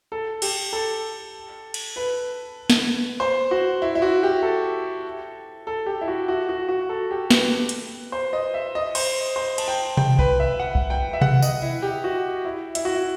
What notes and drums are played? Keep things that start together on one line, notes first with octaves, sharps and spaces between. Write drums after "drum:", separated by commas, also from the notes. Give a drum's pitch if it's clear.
A4
G4, drum: cymbal
A4
drum: cymbal
B4
drum: snare
C5
F#4
E4
E4
F#4
G4
A4
A4
G4
E4
F#4
F#4
F#4
F#4
A4
G4
B4, drum: snare
drum: hi-hat
C5
D#5
E5
D#5
C5, drum: cymbal
C5
A5, drum: cymbal
G5
G5, drum: tom B2
B4, drum: kick B1
E5
F#5
drum: kick B1
G5
E5
F#5, drum: tom B2
D#5, drum: tambourine
E4
G4
F#4
E4
E4, drum: hi-hat
F#4
E4